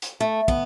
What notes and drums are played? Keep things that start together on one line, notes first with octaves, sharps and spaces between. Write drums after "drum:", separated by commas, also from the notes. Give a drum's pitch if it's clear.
drum: hi-hat
A3
B3, drum: kick